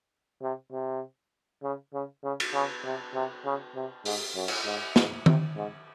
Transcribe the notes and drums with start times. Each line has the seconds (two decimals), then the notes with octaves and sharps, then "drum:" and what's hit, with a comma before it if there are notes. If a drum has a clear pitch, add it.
0.42 C3
0.72 C3
1.63 C#3
1.93 C#3
2.23 C#3
2.40 drum: cymbal
2.54 C#3
2.84 C3
3.14 C3
3.45 C#3
3.75 C3
4.05 G#2, drum: open hi-hat
4.35 F#2
4.48 drum: cymbal
4.66 G#2
4.96 G#2, drum: snare
5.26 C3, drum: tom D#3
5.56 G#2